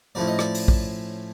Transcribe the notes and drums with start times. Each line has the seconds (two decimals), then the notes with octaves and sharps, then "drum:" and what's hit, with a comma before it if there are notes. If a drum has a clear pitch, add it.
0.15 A2 F3 A3 C#4 D5
0.28 D#5
0.39 D5, drum: rim click
0.55 drum: open hi-hat
0.68 drum: kick A#1